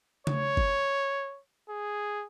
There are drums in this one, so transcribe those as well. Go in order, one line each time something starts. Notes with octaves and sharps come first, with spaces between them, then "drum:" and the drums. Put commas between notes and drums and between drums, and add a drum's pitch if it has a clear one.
C#5, drum: tom C#3
drum: kick G1
G#4